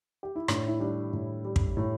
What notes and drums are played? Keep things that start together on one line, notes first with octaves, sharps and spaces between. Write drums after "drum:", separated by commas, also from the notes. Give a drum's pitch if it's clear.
G4
E4
A2 D4, drum: rim click
E4
G3 D4
A2
G3
drum: kick
A2